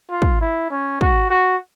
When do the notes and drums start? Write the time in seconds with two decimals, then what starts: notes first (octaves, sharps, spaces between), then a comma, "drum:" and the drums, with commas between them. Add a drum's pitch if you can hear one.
0.11 F4
0.22 drum: kick
0.41 E4
0.71 C#4
1.01 F#4, drum: kick
1.30 F#4